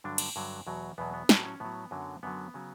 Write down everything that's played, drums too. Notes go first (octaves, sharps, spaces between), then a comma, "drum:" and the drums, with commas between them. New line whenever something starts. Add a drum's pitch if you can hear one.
G2 D3 F#3 D4
drum: cymbal
G2 D3 F#3
E2 B2 F#3
E2 B2 F#3 B3
B3
A2 F#3 C#4, drum: snare
C#4
A2 F#3 B3
F#2 D3 F#3
F#2 D3 F#3 B3
C#3 F#3